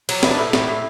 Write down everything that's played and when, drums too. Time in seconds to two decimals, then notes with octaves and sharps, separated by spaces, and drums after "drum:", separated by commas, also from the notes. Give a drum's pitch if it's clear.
0.09 F#3, drum: cymbal
0.23 B3 E4, drum: snare
0.30 D4
0.38 A2 E4
0.53 A2, drum: snare
0.68 A2